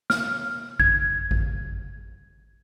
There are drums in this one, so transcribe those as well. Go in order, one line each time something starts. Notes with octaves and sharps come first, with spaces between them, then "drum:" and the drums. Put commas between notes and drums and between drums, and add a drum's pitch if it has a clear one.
F6, drum: snare
G#6, drum: kick G#1
drum: kick G#1